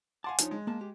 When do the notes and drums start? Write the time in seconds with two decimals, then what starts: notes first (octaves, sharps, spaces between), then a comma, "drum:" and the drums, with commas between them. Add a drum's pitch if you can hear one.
0.24 F5 F#5 G#5 A5 C6 D6
0.38 F3 D4 D#4 C#5, drum: hi-hat
0.51 G#3
0.67 A#3 A5
0.81 G4